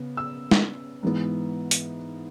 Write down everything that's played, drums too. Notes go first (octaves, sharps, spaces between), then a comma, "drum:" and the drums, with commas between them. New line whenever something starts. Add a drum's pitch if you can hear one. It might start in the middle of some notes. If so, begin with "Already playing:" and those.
Already playing: C#3 B3
E6
drum: snare
G#2 E3 B3
drum: hi-hat